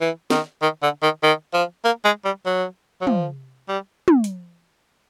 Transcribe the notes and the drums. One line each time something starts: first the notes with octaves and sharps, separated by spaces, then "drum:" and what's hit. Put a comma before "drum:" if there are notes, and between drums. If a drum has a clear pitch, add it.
E3
D#3, drum: snare
D#3
D3
D#3
D#3
F3
A#3
G#3
G3
F#3
F#3
F3, drum: tom
G3
drum: tom
drum: hi-hat